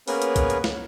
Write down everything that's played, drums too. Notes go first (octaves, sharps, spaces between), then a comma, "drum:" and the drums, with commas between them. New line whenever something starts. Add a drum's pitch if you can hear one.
A#3 B3 C#4 G#4 A#4 B4, drum: open hi-hat
drum: hi-hat
drum: kick B1, hi-hat
drum: hi-hat
drum: snare